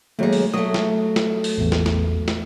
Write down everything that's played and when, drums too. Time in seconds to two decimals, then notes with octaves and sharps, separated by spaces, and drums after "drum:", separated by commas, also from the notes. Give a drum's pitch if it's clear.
0.19 D#2 F#3 G#3 A3
0.33 drum: open hi-hat
0.54 F#3 A3 D#6
0.74 drum: snare
1.16 drum: snare
1.44 drum: open hi-hat
1.58 A1 E2
1.72 drum: snare
1.86 drum: snare
2.28 drum: snare